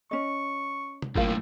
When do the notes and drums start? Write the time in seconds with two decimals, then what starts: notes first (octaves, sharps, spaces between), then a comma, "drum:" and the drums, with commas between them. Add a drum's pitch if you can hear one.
0.11 C#4 D#5 C#6
1.02 drum: tom C3
1.16 B1 A2 F4 A#4 F5, drum: kick G1